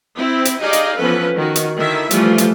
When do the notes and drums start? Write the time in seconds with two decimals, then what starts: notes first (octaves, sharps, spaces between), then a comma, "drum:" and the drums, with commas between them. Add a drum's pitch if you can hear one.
0.17 C4 E4
0.45 drum: hi-hat
0.61 D#4 G4 G#4 D5 D#5 F5
0.73 drum: hi-hat
0.97 E3 F3 B3 C#4 A4 B4
1.34 D#3 F#4
1.55 drum: hi-hat
1.77 D3 D#3 E4 E5
2.11 E3 F3 G3 A3 F4, drum: hi-hat
2.38 drum: hi-hat